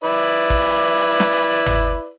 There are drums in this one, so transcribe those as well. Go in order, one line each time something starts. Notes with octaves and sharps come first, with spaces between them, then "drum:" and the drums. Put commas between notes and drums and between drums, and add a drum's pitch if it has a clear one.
E4 B4 D5
drum: kick
drum: snare
drum: tom